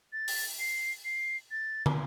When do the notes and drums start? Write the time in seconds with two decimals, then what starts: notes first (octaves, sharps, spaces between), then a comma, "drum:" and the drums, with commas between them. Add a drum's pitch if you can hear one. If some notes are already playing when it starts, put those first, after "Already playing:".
0.13 A6
0.28 drum: open hi-hat
0.59 C7
1.05 C7
1.51 A6
1.86 drum: tom